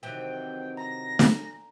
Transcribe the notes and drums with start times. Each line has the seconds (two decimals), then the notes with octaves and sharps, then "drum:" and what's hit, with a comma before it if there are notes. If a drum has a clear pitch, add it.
0.03 C3 D#3 E3 F#3 G5
0.77 A#5 A#6
1.19 drum: snare